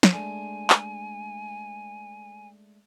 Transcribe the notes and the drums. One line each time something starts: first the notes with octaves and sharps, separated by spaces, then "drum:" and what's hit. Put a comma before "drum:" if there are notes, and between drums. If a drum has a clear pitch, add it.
drum: snare
G#3 A3 D4 G#5
drum: clap